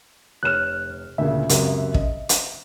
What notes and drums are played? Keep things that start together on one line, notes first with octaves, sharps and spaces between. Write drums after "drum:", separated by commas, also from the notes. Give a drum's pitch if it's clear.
F1 C#5 F6 F#6 E7
D2 A#2 C#3 E5
C#2 F#2 C3, drum: hi-hat
D#5, drum: kick
drum: hi-hat